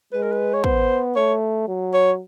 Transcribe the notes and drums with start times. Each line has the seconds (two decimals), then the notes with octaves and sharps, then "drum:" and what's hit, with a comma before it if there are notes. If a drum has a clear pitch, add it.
0.13 G#3 B4
0.23 A#4
0.32 B4
0.54 C#5
0.64 B3 C5, drum: kick
1.16 A3 C#5
1.68 F#3
1.94 C#5